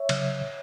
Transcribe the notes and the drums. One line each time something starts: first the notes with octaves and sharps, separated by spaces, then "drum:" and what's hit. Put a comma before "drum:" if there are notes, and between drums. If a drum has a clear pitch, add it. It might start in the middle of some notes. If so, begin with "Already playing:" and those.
Already playing: C#5 E5
C#3 F#3, drum: cymbal